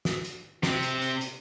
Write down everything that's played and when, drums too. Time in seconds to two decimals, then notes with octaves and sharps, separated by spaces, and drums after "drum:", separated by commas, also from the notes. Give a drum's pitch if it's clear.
0.05 drum: snare
0.24 drum: hi-hat
0.63 C3 C4, drum: snare
0.82 drum: hi-hat
1.02 drum: hi-hat
1.21 drum: hi-hat